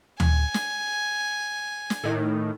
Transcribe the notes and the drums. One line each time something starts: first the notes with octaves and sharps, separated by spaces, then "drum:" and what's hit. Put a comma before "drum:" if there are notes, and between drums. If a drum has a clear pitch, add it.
G#5, drum: tom
drum: snare
drum: snare
A2 D#3